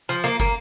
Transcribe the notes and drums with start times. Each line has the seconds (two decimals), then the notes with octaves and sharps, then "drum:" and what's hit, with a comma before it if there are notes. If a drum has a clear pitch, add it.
0.09 F3
0.24 A#3
0.40 A#3, drum: kick, hi-hat